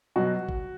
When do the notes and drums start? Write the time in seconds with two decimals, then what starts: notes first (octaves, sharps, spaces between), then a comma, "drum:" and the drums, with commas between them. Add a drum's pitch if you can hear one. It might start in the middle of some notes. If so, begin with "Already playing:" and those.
0.16 B2 F#3 F#4
0.49 drum: kick G#1